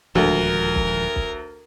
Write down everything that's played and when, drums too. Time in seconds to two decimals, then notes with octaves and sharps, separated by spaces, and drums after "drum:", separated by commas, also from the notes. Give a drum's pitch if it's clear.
0.15 D#1 D2 F3 G#3 A#4
0.76 drum: kick
1.16 drum: kick